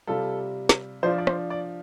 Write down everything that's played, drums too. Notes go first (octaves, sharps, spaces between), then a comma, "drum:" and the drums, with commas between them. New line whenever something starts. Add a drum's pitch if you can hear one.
C3 G3 F4 A4
drum: snare
F3 D4 F4 C5
D5
C5, drum: rim click
D5